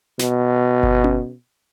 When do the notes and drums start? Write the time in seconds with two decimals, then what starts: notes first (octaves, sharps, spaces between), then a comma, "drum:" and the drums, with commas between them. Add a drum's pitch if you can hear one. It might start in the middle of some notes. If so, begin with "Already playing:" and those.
0.19 B2, drum: snare
0.83 drum: kick G1
1.04 drum: tom C#4